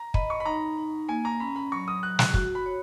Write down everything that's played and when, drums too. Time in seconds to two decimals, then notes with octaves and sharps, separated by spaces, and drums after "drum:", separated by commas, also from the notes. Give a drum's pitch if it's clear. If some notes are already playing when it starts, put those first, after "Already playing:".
Already playing: A#5
0.14 D#5 B5, drum: kick
0.30 C#6
0.40 B5
0.45 D#4 A#5
0.78 D#4
1.09 A#3 G#5
1.25 A#5
1.40 C#4 B5
1.56 B5
1.72 F#3 C#6
1.88 D#6
2.03 F#3 F#6
2.19 F#6, drum: snare
2.34 F#4 F#6, drum: kick
2.55 B5
2.66 C#5